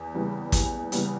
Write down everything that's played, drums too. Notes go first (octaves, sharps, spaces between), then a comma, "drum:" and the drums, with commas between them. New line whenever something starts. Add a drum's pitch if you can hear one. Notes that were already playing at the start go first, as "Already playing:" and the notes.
Already playing: E2
C#3 E3 G3 B3
E2, drum: kick, hi-hat
C#3 E3 G3 B3, drum: hi-hat